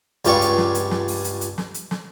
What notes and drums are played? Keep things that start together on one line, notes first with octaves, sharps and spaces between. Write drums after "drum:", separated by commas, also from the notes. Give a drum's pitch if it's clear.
C#2 G2 F4 G4 D5 C#6, drum: hi-hat
drum: hi-hat
drum: snare
drum: hi-hat
drum: snare
drum: open hi-hat
drum: hi-hat
drum: hi-hat
drum: snare
drum: hi-hat
drum: snare